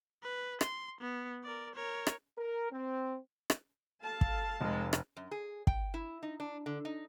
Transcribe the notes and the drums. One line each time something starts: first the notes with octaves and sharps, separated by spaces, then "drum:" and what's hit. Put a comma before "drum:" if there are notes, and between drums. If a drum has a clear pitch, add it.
B4
C6, drum: rim click
B3
A#4 D5
A#4 C#5
drum: rim click
A#4
C4
drum: rim click
A4 F5 A5
drum: kick
F1 G#3
drum: rim click
F#2
G#4
G5, drum: kick
E4
D#4
D4
D3
D#4